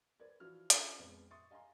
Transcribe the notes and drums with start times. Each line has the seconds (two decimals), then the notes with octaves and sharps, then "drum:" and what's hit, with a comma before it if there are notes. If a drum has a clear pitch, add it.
0.20 B4 C5 D5 G#6
0.40 E3 F3 E4 F#4 F6
0.70 C#4 D4 F4 A4 A#4 C#5, drum: hi-hat
0.99 F2 G#3 B3
1.31 E5 C6 C#6 D#6 A6
1.51 D#5 F5 G#5 A#5 C6